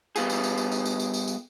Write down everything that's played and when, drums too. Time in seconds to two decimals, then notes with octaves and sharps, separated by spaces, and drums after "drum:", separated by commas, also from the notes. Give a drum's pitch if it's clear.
0.16 G3 B3 F4 G#4, drum: tambourine
0.30 drum: tambourine
0.44 drum: tambourine
0.58 drum: tambourine
0.72 drum: tambourine
0.86 drum: tambourine
1.00 drum: tambourine
1.14 drum: tambourine
1.28 drum: tambourine